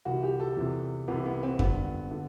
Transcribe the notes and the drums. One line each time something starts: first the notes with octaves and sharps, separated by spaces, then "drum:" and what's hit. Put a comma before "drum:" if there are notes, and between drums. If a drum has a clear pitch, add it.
C2 C3 E3 F#4
G4
A4
E2 C3 E3
C2 C3 E3 B3
B3
C4
G2 D3 B3, drum: kick F2
D3